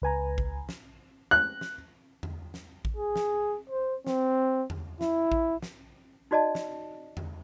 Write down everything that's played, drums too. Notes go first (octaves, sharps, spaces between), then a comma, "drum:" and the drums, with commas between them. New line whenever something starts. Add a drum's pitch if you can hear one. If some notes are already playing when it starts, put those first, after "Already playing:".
C#2 B4 G#5 A#5
drum: kick A1
drum: snare
F#6
drum: snare
drum: tom E2
drum: snare
drum: kick A1
G#4
drum: snare
C5
C4, drum: snare
drum: tom E2
E4, drum: snare
drum: kick A1
drum: snare
D#4 F#4 D5 D#5 A5
drum: snare
drum: tom E2